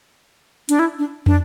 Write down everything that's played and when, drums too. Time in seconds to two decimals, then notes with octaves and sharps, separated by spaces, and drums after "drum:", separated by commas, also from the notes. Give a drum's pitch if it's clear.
0.69 D4, drum: hi-hat
0.79 E4
0.98 D4
1.26 D4, drum: tom